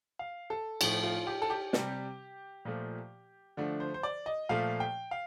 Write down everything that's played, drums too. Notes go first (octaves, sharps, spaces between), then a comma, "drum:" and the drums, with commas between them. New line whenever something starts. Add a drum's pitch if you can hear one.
F5
A4
A2 F3 A3, drum: cymbal
F4
G4
A4
G4
C3 G3, drum: snare
A#2 F3 A3
D3 F3 A3 D4
C5
C5
D5
D#5
A#2 F3 A3 F5
G5
F5